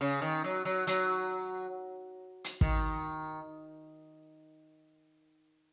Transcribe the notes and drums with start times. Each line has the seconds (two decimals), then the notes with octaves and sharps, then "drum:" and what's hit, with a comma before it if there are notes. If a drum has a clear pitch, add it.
0.01 C#3
0.22 D#3
0.44 F#3
0.65 F#3
0.87 F#3, drum: hi-hat
2.44 drum: hi-hat
2.61 D#3, drum: kick